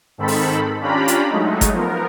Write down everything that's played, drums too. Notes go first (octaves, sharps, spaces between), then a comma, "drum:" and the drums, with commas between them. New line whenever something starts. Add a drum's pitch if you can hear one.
G#2 D#3 C4 A4 B5
drum: open hi-hat
C#4 D4 F4 G4 A#5 B5
drum: hi-hat
F#3 G#3 A3 D#4
drum: kick G1, hi-hat
F3 B3 A#4